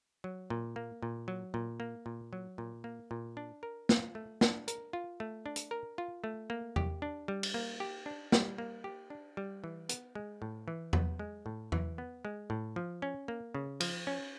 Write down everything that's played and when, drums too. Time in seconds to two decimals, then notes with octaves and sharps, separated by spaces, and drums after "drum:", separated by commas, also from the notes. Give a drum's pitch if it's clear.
0.24 F#3
0.50 A#2
0.76 A#3
1.02 A#2
1.28 F#3
1.54 A#2
1.80 A#3
2.06 A#2
2.33 F#3
2.58 A#2
2.84 A#3
3.11 A#2
3.37 D4
3.63 A#4
3.89 F4, drum: snare
4.15 A3
4.41 D4, drum: snare
4.68 A#4, drum: hi-hat
4.93 F4
5.20 A3
5.46 D4
5.56 drum: hi-hat
5.71 A#4
5.98 F4
6.24 A3
6.50 A#3
6.76 G4, drum: tom E2
7.02 D4
7.28 G3
7.43 drum: cymbal
7.54 A#3
7.80 G4
8.06 D4
8.32 G3, drum: snare
8.58 A#3
8.84 G4
9.10 D4
9.37 G3
9.64 E3
9.89 B3, drum: hi-hat
10.15 G#3
10.42 A2
10.68 E3
10.93 B3, drum: tom E2
11.19 G#3
11.46 A2
11.72 E3, drum: tom E2
11.98 B3
12.25 G#3
12.50 A2
12.76 F3
13.02 C#4
13.28 A#3
13.54 C#3
13.80 F3, drum: cymbal
14.07 C#4